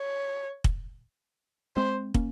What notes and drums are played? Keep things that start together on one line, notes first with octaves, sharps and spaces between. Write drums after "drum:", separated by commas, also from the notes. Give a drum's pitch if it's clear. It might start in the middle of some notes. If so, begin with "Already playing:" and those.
Already playing: C#5
drum: kick
G#3 C4 C5
A#3 C#4, drum: kick